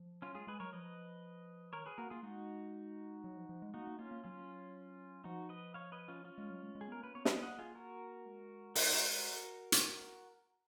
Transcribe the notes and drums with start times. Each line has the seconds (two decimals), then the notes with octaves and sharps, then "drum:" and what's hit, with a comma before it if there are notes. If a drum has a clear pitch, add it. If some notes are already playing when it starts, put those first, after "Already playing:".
Already playing: F3
0.22 F#3 C#4 F4
0.35 G#3 F4 G#4
0.47 G#3 G#4 B4
0.60 F#3 A#4 C#5
0.73 F3 B4 D#5
1.73 D#3 A#4 C#5
1.86 G#4 B4
1.98 A#3 F#4 A#4
2.10 A#3 F4 G#4
2.23 G#3 D#4 F#4
3.24 F#3
3.37 F3
3.49 F3
3.62 G#3
3.74 A#3 D#4 F#4
3.87 A#3
3.99 A#3 C#4 F4
4.11 A#3
4.24 F#3 C#4 F4
5.24 F3 D#4 F#4
5.49 B4 D#5
5.74 C#5 F5
5.92 B4 D#5
6.08 C#4 F4
6.24 C#4 F4
6.38 G#3
6.51 F#3
6.63 G#3
6.75 G#3
6.81 G#4
6.88 B3 A#4
7.00 A#3 B4
7.14 B3 C#5
7.25 A#3 B4 D#5, drum: snare
7.43 D#5 F#5
7.59 F4 G#4
7.75 F#4 A#4
8.26 G#3
8.75 D#4 F#4, drum: open hi-hat
8.92 F#4 A#4
9.09 F#4 A#4
9.72 drum: hi-hat